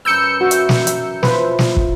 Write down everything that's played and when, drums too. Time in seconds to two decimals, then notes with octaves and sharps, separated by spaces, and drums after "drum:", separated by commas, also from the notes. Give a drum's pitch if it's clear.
0.05 F#2 A#4 B4 E6 G6 C#7
0.41 F#4 E5
0.51 drum: hi-hat
0.69 drum: snare
0.87 drum: hi-hat
1.23 F3 E4 F4 B4, drum: snare
1.59 drum: snare
1.77 drum: kick